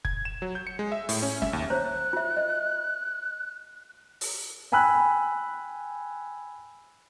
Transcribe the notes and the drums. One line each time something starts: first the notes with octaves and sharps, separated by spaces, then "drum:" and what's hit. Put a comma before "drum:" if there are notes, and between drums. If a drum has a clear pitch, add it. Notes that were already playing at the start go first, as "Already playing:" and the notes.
G#6, drum: kick F1
E7
F#3
G6
C#7
G#3
E5
A2, drum: open hi-hat
C#4
E5, drum: snare
D#2
C5 C#5 A#5 F#6
F4 E5
D#5
drum: open hi-hat
G5 G#5 B5 E6 F#6